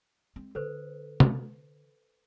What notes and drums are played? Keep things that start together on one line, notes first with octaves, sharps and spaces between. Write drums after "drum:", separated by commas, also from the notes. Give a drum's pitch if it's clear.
G#3 C4
D3 A4 B4 C5
drum: tom C3